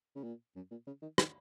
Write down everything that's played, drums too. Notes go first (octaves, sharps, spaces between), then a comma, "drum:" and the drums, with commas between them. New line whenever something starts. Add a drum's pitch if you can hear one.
C#3
A#2
F#2
A#2
C#3
D#3
D#3, drum: rim click